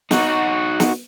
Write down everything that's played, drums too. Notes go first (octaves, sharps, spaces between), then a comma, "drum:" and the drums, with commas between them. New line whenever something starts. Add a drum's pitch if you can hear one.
D#4 F#4, drum: snare
drum: snare